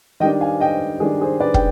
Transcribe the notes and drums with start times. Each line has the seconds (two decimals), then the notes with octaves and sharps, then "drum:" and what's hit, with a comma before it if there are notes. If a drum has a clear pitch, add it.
0.20 D#3 G3 D4 D#5 G5
0.41 F5 G#5
0.60 D#5 G5
1.00 D#3 G3 D4 G#4
1.21 G#4 C5
1.40 B4 D5
1.54 G5, drum: kick